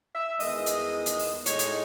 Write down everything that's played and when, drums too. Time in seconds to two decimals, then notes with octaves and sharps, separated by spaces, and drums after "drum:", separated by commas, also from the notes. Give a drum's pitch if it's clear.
0.14 E5
0.40 E2 D#3 G#3 D#5, drum: open hi-hat
0.66 drum: hi-hat
1.06 drum: hi-hat
1.19 drum: open hi-hat
1.46 A2 G#3 D#4 C#5, drum: hi-hat
1.59 drum: hi-hat